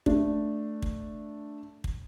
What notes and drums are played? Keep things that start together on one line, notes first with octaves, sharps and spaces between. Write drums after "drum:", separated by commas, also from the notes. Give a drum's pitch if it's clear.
A3 D4, drum: kick
drum: kick
drum: kick